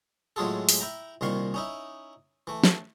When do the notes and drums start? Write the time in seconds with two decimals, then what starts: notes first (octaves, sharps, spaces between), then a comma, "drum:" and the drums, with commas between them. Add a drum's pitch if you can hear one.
0.36 A2 F#3 G#3 F4 G#4 A4
0.69 drum: open hi-hat
0.80 E4 G5 A#5
1.21 C2 A#2 D#3 F5 C6 C#6
1.54 C#4 D#4 E4
2.47 E3 A3
2.64 drum: snare